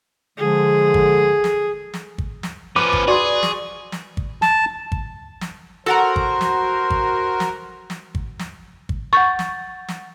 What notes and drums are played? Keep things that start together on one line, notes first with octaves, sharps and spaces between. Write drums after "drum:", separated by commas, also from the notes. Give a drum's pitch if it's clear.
D3 F3 G#3 G#4
drum: kick
drum: snare
drum: snare
drum: kick
drum: snare
F3 C#4 B4 D6
drum: kick
F#4 G#4 D5 C6
drum: snare
drum: snare
drum: kick
A5, drum: snare
drum: kick
drum: snare
F#4 A4 A#4 C5 F#5 A#5
drum: kick
drum: snare
drum: kick
drum: snare
drum: snare
drum: kick
drum: snare
drum: kick
F#5 C#6 G6 A6
drum: snare
drum: snare